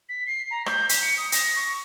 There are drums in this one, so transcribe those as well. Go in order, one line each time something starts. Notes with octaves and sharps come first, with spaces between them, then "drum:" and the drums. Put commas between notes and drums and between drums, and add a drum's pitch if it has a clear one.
B6
C7
A#5
G6, drum: rim click
B6, drum: hi-hat
C#7
D#6
A#6, drum: hi-hat
C#6